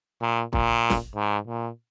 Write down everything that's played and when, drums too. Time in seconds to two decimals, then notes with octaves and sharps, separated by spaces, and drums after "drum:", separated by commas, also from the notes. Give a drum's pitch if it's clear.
0.22 A#2
0.53 A#2, drum: kick
0.90 drum: snare
1.16 G#2
1.47 A#2